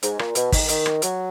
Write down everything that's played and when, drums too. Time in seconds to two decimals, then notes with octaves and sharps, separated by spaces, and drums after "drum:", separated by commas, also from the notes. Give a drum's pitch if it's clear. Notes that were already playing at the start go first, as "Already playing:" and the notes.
0.03 G#2, drum: hi-hat
0.19 A#2, drum: rim click
0.35 B2, drum: hi-hat
0.52 D#3, drum: kick, open hi-hat
0.69 D#3, drum: hi-hat
0.86 drum: rim click
1.02 F#3, drum: hi-hat